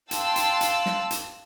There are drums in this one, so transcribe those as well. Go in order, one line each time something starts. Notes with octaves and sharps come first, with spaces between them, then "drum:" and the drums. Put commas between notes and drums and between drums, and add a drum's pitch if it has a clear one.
F5 G5 A5 C6 E6 F#6, drum: hi-hat
drum: hi-hat
drum: hi-hat
drum: snare
drum: hi-hat